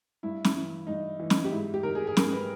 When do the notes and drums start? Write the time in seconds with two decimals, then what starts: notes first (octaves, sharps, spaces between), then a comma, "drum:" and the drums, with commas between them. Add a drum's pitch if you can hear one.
0.23 G2 E4
0.45 drum: snare
0.56 E3
0.87 G2 D#4
1.20 E3
1.30 drum: snare
1.45 G4
1.51 G#2 E4
1.74 G4
1.83 D#3 A#4
1.95 G#4
2.07 G#4
2.17 G#2 A#4, drum: snare
2.32 B4